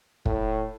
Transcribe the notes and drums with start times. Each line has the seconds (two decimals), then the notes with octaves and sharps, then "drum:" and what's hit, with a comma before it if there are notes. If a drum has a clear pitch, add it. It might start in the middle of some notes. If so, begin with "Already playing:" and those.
0.26 A2, drum: kick